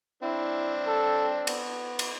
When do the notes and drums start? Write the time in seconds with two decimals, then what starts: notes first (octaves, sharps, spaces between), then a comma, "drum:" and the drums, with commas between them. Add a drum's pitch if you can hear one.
0.23 C4 D4 E4
0.87 A4
1.47 B3, drum: cymbal
1.99 drum: cymbal